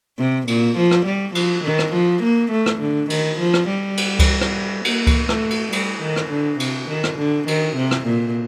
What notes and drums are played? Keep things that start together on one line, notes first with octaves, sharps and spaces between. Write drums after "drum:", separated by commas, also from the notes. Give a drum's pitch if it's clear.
C3
A#2, drum: cymbal
F3
drum: rim click
G3
F3, drum: cymbal
D#3
drum: rim click
F3
A#3
A3
drum: rim click
D3
D#3, drum: cymbal
F3
drum: rim click
G3
drum: cymbal
drum: kick C#2, cymbal
drum: rim click
A#3, drum: cymbal
drum: kick C#2, cymbal
A3, drum: rim click
drum: cymbal
G3, drum: cymbal
D#3
drum: rim click
D3
C3, drum: cymbal
D#3
drum: rim click
D3
D#3, drum: cymbal
C3
drum: rim click
A#2